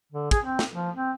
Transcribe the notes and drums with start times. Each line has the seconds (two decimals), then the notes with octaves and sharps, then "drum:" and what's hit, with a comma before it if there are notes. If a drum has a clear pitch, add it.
0.12 D3
0.31 G#4, drum: kick, hi-hat
0.44 C4
0.59 drum: snare
0.74 F3
0.95 C4